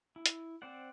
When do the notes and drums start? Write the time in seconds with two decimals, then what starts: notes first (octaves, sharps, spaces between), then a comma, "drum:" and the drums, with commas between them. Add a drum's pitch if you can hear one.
0.16 E4
0.26 drum: hi-hat
0.62 C4 C5 D5 F#5